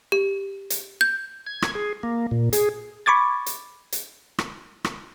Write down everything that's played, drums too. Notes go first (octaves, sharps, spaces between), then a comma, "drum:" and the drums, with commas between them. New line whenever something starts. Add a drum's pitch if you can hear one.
G4
drum: hi-hat
G6
G#6
drum: rim click
G#4
A#3
A#2
G#4, drum: hi-hat
B5 C#6 D6 G#6 A6
drum: hi-hat
drum: hi-hat
drum: rim click
drum: rim click